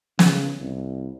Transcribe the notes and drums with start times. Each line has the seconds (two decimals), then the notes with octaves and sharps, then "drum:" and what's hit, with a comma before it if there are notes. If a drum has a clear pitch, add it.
0.19 C#3, drum: snare
0.60 C2